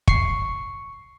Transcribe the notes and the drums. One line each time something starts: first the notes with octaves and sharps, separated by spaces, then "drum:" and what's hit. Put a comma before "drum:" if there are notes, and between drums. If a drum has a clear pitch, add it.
C#6 C7, drum: kick